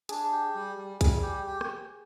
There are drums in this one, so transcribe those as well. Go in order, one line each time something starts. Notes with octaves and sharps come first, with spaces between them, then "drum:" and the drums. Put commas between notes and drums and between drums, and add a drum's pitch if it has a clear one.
D4 G#4, drum: hi-hat
G4
G3
G3
G3 G#4, drum: kick B1, hi-hat
G4
G4
drum: rim click